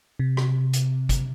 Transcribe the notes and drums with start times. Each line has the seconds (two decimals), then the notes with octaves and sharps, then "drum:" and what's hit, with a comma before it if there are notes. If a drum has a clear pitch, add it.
0.19 C3
0.37 drum: rim click
0.73 drum: hi-hat
1.09 drum: kick, hi-hat